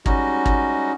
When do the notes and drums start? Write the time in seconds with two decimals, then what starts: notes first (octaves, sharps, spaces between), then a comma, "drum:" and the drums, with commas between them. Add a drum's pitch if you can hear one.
0.06 G3 G#3 C#4 D#4 F#4 D#5, drum: kick
0.46 drum: kick